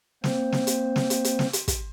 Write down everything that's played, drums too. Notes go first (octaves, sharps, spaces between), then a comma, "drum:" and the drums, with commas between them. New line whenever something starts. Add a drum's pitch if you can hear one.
A#3 C4 C5, drum: snare
drum: snare
drum: hi-hat
drum: snare
drum: hi-hat
drum: hi-hat
drum: snare
drum: hi-hat
drum: kick, hi-hat